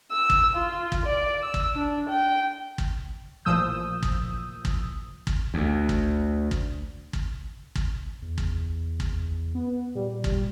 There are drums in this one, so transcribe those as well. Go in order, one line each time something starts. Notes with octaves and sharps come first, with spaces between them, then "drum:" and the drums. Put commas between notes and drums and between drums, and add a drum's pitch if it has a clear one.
E6
drum: kick
F4
drum: kick
D5
E6
drum: kick
D4
G5
drum: kick
A1 A#2 F3 D#6 E6 G6
drum: kick
drum: kick
drum: kick
D2
drum: kick
drum: kick
drum: kick
drum: kick
E2
drum: kick
drum: kick
B3
A#2 G3
drum: kick